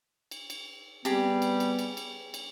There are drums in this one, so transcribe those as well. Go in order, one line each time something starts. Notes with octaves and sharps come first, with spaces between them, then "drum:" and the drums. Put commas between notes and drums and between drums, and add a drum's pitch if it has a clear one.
drum: cymbal
drum: cymbal
G3 B3 C4 G4 G#4, drum: cymbal
drum: cymbal
drum: cymbal
drum: cymbal
drum: cymbal
drum: cymbal